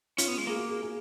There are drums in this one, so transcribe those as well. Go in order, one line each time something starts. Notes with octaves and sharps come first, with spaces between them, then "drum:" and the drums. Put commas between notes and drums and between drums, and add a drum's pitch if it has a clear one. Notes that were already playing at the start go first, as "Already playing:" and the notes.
C#4 F4, drum: hi-hat
B3
G#3
A#3 G#4
F#4
G#4
G#4